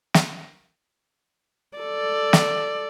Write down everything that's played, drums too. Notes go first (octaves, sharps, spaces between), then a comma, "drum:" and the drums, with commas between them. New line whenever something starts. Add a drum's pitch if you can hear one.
drum: snare
A4 D5
drum: snare